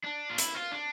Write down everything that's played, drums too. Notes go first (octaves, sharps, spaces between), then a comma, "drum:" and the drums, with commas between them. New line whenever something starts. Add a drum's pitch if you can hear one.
D4
F4
E4, drum: hi-hat
F4
D4